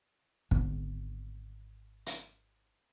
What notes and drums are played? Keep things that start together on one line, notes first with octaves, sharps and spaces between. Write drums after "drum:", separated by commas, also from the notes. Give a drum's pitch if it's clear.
G#1 G#2 D3 B3, drum: kick
drum: hi-hat